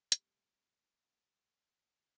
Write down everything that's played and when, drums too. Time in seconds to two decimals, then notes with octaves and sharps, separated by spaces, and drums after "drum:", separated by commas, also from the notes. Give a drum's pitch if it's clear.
0.12 C3 G3 A3, drum: hi-hat